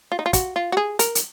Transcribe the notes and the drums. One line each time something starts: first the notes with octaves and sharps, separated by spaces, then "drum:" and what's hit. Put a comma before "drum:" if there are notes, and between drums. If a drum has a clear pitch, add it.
F4
D#4
F4
F#4, drum: kick, hi-hat
F4
F#4
G#4
A#4, drum: hi-hat
drum: hi-hat